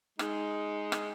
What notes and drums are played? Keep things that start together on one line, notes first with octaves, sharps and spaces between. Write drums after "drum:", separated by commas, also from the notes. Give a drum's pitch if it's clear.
G#3 D#4, drum: rim click
drum: rim click